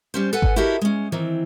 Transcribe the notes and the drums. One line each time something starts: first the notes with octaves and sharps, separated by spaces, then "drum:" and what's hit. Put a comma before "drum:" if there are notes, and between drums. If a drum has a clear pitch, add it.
G3 C#4 C5
A4 B4 F#5 G#5
drum: kick G#1
E4 F#4 G4 A4 A#4 D#5
G#3 C#4
D#3 E3 C4